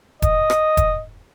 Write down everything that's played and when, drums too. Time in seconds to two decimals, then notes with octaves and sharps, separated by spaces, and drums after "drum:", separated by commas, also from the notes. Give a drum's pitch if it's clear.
0.22 D#5, drum: kick E1, hi-hat
0.50 drum: rim click
0.77 drum: kick E1, hi-hat